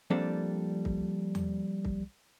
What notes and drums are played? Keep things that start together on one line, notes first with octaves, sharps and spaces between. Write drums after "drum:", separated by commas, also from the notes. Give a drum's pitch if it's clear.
F3 G3 A#3 C4 D4 A4
drum: kick C2
drum: tom E2
drum: kick C2